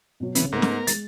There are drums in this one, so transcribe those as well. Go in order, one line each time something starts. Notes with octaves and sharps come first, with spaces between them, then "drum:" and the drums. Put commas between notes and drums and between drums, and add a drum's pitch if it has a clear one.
B2 F#3
C2 C#3 E3 B3, drum: hi-hat
G#2 A3 B3 A#4
drum: snare
G#3 A6, drum: hi-hat